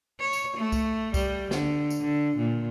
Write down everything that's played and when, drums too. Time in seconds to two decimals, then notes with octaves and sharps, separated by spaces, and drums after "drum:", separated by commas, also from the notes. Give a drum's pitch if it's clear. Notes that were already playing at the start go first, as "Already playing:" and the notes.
0.20 C#5
0.33 drum: tambourine
0.57 A3
0.72 drum: kick C2, tambourine
1.14 G3, drum: kick C2, tambourine
1.51 D3, drum: snare
1.90 drum: tambourine
2.01 D3
2.36 A#2